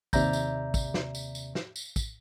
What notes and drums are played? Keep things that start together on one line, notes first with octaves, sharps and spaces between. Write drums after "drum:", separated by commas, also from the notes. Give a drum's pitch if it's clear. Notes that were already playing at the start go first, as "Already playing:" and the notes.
D#2 C3 D5 E5 A#5 G6, drum: kick, tambourine
drum: tambourine
drum: kick, tambourine
drum: snare
drum: tambourine
drum: tambourine
drum: snare
drum: tambourine
drum: kick, tambourine